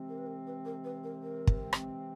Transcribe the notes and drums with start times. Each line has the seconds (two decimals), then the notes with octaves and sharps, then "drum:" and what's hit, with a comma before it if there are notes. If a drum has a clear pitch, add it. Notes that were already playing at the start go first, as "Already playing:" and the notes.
Already playing: C3 E3 G#3 C4
0.09 A#4
0.18 B4
0.26 A#4
0.47 B4
0.65 A#4
0.84 B4
1.04 A#4
1.22 A#4
1.47 drum: kick
1.73 drum: rim click